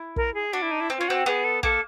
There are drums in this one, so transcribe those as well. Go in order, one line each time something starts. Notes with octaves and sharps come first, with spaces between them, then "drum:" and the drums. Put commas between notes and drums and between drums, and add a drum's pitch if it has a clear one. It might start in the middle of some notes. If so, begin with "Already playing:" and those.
Already playing: E4
A#4, drum: kick
G#4
D4 F#4
E4
D#4
E4
C4
C#4 F4
C4 F#4
B3 G#4
A4
A#3 A4, drum: kick